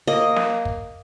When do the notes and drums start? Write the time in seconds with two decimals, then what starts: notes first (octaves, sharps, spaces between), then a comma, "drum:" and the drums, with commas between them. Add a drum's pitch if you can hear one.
0.07 A#3 D#5
0.36 drum: snare
0.65 drum: kick